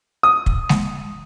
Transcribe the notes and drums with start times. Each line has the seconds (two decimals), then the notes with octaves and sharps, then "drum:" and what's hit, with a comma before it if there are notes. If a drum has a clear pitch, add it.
0.23 D#6
0.46 drum: kick
0.69 drum: snare